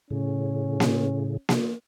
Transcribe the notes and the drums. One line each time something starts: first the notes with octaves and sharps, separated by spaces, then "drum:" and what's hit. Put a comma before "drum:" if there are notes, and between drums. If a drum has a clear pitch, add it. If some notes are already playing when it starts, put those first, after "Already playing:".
A2 C#3 C#4
drum: snare A#3
drum: snare A#3